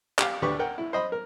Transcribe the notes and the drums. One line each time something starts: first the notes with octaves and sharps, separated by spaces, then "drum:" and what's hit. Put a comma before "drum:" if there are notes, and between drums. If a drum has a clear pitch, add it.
G4 F5, drum: clap
D2 D4 G4 B4 C#6
A#4 F#5 G5
E4
C5 D#5 B5
A#4